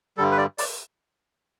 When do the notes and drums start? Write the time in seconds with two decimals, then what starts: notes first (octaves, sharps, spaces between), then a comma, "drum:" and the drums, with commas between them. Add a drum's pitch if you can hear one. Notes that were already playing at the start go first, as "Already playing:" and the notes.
0.18 G2 D3 G3 A4
0.31 B4
0.38 D5
0.58 D5, drum: open hi-hat